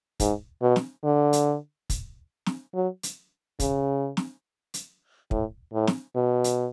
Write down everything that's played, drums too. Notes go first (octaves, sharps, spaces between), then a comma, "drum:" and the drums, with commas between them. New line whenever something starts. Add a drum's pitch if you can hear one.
G#2, drum: kick, hi-hat
B2
drum: snare
D3
drum: hi-hat
drum: kick, hi-hat
drum: snare
F#3
drum: hi-hat
C#3, drum: kick, hi-hat
drum: snare
drum: hi-hat
A2, drum: kick
A2
drum: snare
B2
drum: hi-hat